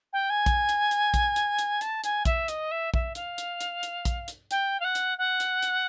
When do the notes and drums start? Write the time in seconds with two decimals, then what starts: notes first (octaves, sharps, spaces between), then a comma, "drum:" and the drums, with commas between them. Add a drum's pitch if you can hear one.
0.13 G5
0.30 G#5
0.46 drum: kick A#1, hi-hat
0.69 drum: hi-hat
0.91 drum: hi-hat
1.14 drum: kick A#1, hi-hat
1.36 drum: hi-hat
1.59 drum: hi-hat
1.81 A5, drum: hi-hat
2.04 G#5, drum: hi-hat
2.25 E5, drum: kick A#1, hi-hat
2.48 D#5, drum: hi-hat
2.71 E5
2.94 E5, drum: kick A#1
3.15 F5, drum: hi-hat
3.38 drum: hi-hat
3.61 drum: hi-hat
3.83 drum: hi-hat
4.05 drum: kick A#1, hi-hat
4.28 drum: hi-hat
4.51 G5, drum: hi-hat
4.80 F5
4.84 F#5
4.95 drum: hi-hat
5.18 F#5
5.40 drum: hi-hat
5.63 drum: hi-hat